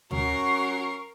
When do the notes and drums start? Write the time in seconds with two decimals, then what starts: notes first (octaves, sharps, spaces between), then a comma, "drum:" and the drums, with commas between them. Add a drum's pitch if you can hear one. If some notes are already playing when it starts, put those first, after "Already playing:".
0.11 F#3 C#4 F#4 A#4 C#6 C7, drum: tom